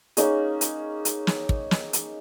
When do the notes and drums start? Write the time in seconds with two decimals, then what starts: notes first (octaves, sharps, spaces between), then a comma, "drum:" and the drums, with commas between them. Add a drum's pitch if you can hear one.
0.17 A#3 C#4 D#4 G#4, drum: hi-hat
0.61 drum: hi-hat
1.05 drum: hi-hat
1.27 drum: snare
1.49 drum: kick
1.71 drum: snare
1.93 drum: hi-hat